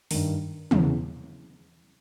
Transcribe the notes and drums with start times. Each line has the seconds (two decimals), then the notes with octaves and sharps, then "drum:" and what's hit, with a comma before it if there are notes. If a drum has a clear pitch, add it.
0.11 G2 D#3, drum: open hi-hat
0.71 E2 C#3 E3, drum: tom